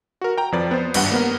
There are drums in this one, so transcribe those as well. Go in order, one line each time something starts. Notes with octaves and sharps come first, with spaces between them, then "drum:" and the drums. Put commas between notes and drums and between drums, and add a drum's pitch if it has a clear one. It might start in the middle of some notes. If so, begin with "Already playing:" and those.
F#4 A#4
G5 A#5
F2 F3 B4 D5 A6
B3 C5
G#1 G2 G3 F#5, drum: cymbal
A#3 B3 A#4